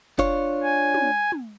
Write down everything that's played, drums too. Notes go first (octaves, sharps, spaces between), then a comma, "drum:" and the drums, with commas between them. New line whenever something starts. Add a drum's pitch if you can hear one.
D4 F4 C#5, drum: kick F#1, hi-hat
G#5
drum: tom
drum: tom